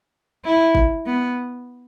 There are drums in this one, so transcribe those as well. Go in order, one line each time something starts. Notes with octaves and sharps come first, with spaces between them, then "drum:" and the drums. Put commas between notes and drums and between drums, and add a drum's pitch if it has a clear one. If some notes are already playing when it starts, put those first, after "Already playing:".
E4
drum: kick
B3